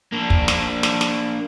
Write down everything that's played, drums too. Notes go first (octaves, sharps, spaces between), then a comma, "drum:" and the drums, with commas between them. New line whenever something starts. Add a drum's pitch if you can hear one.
A#3 D4
drum: kick
drum: snare
drum: snare
drum: snare